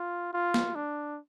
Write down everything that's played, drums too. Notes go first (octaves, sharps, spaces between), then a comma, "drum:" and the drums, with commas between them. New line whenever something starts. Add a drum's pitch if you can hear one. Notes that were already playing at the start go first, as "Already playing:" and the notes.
Already playing: F4
F4
drum: snare
D4